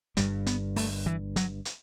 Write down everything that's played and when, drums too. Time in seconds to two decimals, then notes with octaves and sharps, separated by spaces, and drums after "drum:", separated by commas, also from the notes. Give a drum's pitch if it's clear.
0.17 G1 G2 G3, drum: hi-hat
0.46 B3, drum: hi-hat
0.76 A3, drum: open hi-hat
1.06 E3
1.36 F#3, drum: hi-hat
1.65 drum: hi-hat